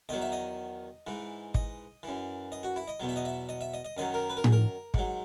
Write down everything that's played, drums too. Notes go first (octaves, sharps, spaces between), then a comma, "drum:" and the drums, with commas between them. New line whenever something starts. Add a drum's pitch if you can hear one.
E2 D#3 F#3 D#5
E5
D#5
G#2 E3
D#5, drum: kick
F#2 E3
D#5
F#4
E4
D#5
E2 B2 F#3
E5
D#5
E5
D#5
E5
D#5
D#5
F#2 D#3 F#3 D#5
A#4
B4
A#4
G#4, drum: tom A2
A#4
G#2 F#3, drum: kick